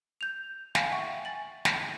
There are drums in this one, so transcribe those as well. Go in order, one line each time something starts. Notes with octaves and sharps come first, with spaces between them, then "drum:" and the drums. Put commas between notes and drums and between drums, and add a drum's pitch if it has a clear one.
G6 F7
F5 G#5, drum: snare
E5 F#5 G5 C#6 D7
G#5 A6 F#7
drum: snare